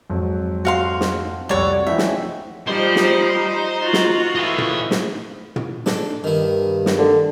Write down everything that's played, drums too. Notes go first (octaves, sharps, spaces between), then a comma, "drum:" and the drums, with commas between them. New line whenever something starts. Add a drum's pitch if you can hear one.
F2 G#2 F#3
F#4 F5 C6
drum: snare
C2 F2 G3 F#4 A4 C#5 D5
G#2 C#3 E3 F3 D#4 E5
drum: snare
F3 G3 D#4 C5
drum: snare
F4 F#4
drum: snare
E3 A3 D#5 F5
drum: tom
drum: snare
drum: tom
D4 A4, drum: snare
G2 D#3 E4
drum: snare
D3